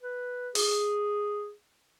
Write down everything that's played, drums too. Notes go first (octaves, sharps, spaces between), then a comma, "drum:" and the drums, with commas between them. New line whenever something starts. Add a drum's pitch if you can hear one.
B4
G#4, drum: open hi-hat